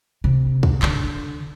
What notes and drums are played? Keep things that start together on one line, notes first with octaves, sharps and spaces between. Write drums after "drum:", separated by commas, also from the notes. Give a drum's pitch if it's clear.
C3
drum: kick
D3, drum: clap